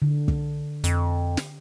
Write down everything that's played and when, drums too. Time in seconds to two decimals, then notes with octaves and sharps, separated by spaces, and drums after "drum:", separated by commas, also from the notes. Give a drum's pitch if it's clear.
0.02 D3
0.28 drum: kick
0.84 F2, drum: hi-hat
1.37 drum: snare